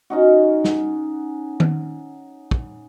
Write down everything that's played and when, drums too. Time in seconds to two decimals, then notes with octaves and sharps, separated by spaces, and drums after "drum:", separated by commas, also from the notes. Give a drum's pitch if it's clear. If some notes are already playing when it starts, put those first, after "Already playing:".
0.10 C#4 D#4 F#4
0.64 drum: snare
1.60 drum: tom D#3
2.51 drum: kick